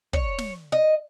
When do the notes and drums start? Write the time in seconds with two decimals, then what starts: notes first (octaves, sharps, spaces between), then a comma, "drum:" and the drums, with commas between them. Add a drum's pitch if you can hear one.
0.13 C#5, drum: kick
0.38 drum: snare
0.72 D#5